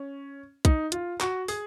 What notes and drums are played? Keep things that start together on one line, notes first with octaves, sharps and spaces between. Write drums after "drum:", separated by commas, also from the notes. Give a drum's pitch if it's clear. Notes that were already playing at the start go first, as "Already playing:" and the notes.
Already playing: C#4
D#4, drum: kick, hi-hat
F4, drum: hi-hat
F#4, drum: clap
G#4, drum: open hi-hat